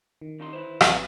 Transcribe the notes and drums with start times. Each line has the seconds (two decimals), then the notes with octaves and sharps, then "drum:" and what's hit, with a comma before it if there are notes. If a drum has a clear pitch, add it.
0.22 D#3
0.40 D#2 D#4 C6
0.53 E4 B4 C5
0.81 G#1 C3 B4 G#5, drum: rim click